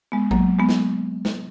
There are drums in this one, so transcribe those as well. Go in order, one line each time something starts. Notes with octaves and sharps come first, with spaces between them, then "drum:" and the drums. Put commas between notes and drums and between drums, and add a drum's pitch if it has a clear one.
G#3 B3
F#3 A#3, drum: kick A1
G#3 B3
drum: snare
drum: snare